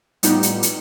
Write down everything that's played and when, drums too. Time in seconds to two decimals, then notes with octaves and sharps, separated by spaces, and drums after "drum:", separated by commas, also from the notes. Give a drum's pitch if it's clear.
0.23 A2 G3 B3 D#4 F4 G4, drum: hi-hat
0.43 drum: hi-hat
0.63 drum: hi-hat